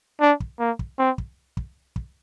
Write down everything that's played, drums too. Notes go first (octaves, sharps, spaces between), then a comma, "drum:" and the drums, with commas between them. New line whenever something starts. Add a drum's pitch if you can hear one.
D4
drum: kick
A#3
drum: kick
C4
drum: kick
drum: kick
drum: kick